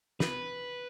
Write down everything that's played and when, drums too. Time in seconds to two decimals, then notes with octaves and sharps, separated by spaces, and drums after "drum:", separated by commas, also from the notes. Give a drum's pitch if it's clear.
0.20 B4, drum: snare